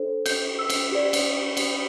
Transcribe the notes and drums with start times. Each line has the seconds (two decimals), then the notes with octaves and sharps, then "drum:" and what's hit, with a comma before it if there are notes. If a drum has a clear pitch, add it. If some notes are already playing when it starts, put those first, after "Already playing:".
Already playing: D4 A4 C5
0.26 G6, drum: cymbal
0.59 E6
0.70 drum: cymbal
0.92 G4 D5
1.13 drum: cymbal
1.57 drum: cymbal